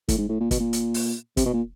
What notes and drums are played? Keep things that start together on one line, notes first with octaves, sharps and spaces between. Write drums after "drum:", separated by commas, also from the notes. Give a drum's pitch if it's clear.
A2, drum: kick, hi-hat
G#2
A2
A#2
B2, drum: kick, hi-hat
A#2
drum: hi-hat
drum: open hi-hat
C3, drum: kick, hi-hat
B2
A#2